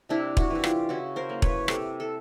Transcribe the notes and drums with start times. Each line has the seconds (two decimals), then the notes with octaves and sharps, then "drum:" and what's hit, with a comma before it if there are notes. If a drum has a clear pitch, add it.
0.09 C3 D4 E4
0.37 E4 F#4, drum: kick
0.50 E3 G3 F#4
0.64 F4 G4, drum: rim click
0.89 C#3 E4 F#4
1.16 A#4 C5
1.29 F#3 A#3
1.42 B4 C#5, drum: kick
1.68 C3 G4 A4, drum: rim click
2.00 A4